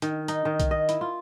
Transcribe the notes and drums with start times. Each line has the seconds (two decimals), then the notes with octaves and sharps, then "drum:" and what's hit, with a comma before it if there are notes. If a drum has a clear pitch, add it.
0.02 D#3, drum: hi-hat
0.28 D#4, drum: hi-hat
0.45 D#3
0.60 drum: kick B1, hi-hat
0.71 D#5
0.89 E4, drum: hi-hat
1.01 F4